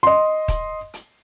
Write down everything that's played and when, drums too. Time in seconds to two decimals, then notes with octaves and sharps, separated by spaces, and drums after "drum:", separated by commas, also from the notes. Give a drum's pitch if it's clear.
0.03 D#5 C6
0.48 drum: kick, hi-hat
0.94 drum: hi-hat